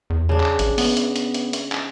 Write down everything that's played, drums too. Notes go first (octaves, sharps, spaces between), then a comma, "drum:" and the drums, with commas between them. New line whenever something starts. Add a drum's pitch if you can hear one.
E2
C#3 D4
drum: clap
A1, drum: hi-hat
B3, drum: open hi-hat
drum: hi-hat
drum: hi-hat
drum: hi-hat
drum: hi-hat
drum: clap